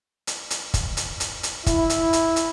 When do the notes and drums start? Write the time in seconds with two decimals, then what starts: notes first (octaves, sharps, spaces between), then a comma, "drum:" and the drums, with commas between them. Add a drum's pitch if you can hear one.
0.27 drum: hi-hat
0.50 drum: hi-hat
0.74 drum: kick, hi-hat
0.97 drum: hi-hat
1.20 drum: hi-hat
1.43 drum: hi-hat
1.66 E4, drum: kick, hi-hat
1.90 drum: hi-hat
2.13 drum: hi-hat
2.36 drum: hi-hat